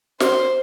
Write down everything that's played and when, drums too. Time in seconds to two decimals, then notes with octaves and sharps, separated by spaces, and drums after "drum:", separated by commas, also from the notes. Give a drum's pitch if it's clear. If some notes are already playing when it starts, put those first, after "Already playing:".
0.20 C5, drum: snare